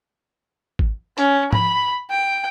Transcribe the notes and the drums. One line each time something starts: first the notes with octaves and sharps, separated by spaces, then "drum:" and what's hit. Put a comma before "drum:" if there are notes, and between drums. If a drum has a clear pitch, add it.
drum: kick G#1
C#4, drum: hi-hat
B5, drum: tom G#2
G5